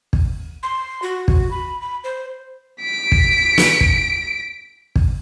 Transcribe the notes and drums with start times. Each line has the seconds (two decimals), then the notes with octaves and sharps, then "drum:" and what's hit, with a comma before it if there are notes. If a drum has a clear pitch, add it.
0.13 drum: kick
0.63 C6
1.02 F#4
1.28 drum: kick
1.51 B5
1.81 B5
2.04 C5
2.81 B6 D7
3.12 drum: kick
3.58 drum: snare
3.81 drum: kick
4.96 drum: kick